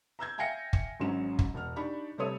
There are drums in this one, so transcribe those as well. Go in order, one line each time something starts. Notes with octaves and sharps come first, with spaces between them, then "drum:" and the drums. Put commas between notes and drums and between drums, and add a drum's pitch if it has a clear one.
A#5 E6 G6 G#6
E5 F5 G5 G#5 A#6 C#7
drum: kick
G#1 G#2 F#3 C#4 E7
drum: kick
E1 F#5 F6
D4 D#4 G4 D5 B5 C#6
C3 G3 A3 A4 C#5 D#6